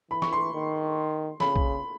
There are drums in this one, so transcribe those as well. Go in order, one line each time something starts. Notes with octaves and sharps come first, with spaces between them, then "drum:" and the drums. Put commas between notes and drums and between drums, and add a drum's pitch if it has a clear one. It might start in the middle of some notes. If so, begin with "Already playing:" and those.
E3 B5
C#6, drum: snare
C6
D#3
C#3 B5, drum: snare
drum: kick A#1